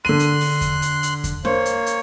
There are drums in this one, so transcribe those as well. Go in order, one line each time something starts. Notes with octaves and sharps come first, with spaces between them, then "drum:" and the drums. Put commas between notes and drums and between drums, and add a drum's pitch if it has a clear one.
D3 C6 F#6 D#7
drum: hi-hat
drum: open hi-hat
drum: kick E2, hi-hat
drum: hi-hat
drum: hi-hat
drum: kick E2, hi-hat
A#3 C5 C#5, drum: snare
drum: hi-hat
drum: hi-hat